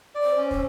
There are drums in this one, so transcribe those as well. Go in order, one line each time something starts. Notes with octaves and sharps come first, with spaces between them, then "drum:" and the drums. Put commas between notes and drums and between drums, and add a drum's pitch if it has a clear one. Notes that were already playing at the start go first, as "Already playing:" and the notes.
D5
C5
C#4
C5, drum: kick